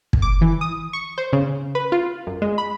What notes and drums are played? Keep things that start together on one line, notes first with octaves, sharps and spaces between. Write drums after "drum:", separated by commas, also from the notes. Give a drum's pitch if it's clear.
drum: kick
D6
E3
D#6
C#6
C5
C#3
B4
F4
F#2
G#3
B5